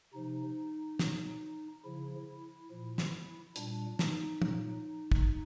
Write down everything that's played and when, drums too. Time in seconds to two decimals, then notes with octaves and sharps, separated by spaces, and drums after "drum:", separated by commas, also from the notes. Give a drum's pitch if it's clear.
0.13 C3 F3 D#4
0.99 B2 F#3, drum: snare
1.84 C#3 F3 E4
2.70 A#2 F3
2.98 drum: snare
3.56 A#2 G3 D4, drum: hi-hat
3.99 D#4, drum: snare
4.42 A#2 F#3, drum: tom
5.12 drum: kick